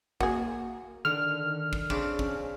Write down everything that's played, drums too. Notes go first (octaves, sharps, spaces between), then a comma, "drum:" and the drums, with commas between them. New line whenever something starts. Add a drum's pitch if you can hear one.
A#3 F#4 G#4, drum: kick
D3 D#3 F6
drum: kick
C#3 C4 D4, drum: kick
C#4, drum: kick